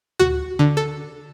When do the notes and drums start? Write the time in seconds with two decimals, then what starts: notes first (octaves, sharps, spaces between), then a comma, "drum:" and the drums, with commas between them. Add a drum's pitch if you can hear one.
0.19 F#4, drum: tom D2
0.59 D3
0.77 A4